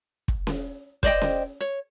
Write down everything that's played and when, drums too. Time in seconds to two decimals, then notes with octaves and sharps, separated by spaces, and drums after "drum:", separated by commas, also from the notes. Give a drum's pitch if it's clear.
0.28 drum: kick
0.47 drum: snare C#4
1.03 C5 D5 D#5 G5, drum: kick
1.22 drum: snare C#4
1.61 C#5